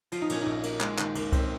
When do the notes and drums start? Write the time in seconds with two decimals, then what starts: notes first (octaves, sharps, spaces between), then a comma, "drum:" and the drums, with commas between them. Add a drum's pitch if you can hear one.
0.12 F3 F4, drum: cymbal
0.22 D#4
0.30 A#2 C#4, drum: cymbal
0.42 A#1 D#4
0.63 A#3, drum: cymbal
0.81 G#3, drum: clap
0.98 D#3, drum: clap
1.15 D#2, drum: cymbal
1.32 C4, drum: kick C2, cymbal